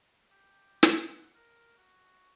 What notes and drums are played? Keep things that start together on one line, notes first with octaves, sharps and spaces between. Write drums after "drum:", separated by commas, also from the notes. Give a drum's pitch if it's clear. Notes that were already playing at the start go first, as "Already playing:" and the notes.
G4
drum: snare
F#5
A#4
F#4